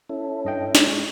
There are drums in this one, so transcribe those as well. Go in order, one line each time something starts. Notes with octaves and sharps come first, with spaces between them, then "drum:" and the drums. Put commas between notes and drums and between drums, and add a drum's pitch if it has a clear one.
C#4 E4 A4
G2 D#5 G5
G#3, drum: snare